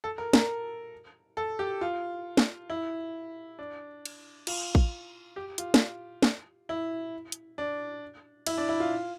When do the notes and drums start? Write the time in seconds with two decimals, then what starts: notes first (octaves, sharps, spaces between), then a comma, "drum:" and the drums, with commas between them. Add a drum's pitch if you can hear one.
0.04 A4
0.18 A#4
0.33 A#4, drum: snare
1.37 A4
1.59 G4
1.81 F4
2.37 drum: snare
2.70 E4
3.59 D4
4.05 drum: cymbal
4.47 F4, drum: cymbal
4.75 drum: kick A1
5.36 G4
5.58 F4, drum: hi-hat
5.74 drum: snare
6.22 drum: snare
6.69 E4
7.32 drum: hi-hat
7.58 D4
8.46 E4, drum: cymbal
8.58 D4
8.69 E4
8.80 F4